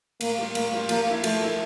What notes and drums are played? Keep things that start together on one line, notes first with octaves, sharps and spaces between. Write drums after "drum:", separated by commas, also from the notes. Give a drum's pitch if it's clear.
A2 A#3, drum: cymbal
G3 A#3 F4
A2 A#3, drum: cymbal
G3 A#3 F4
F3 A#3, drum: cymbal
A#3 E4
F3 A3, drum: cymbal
A#3 E4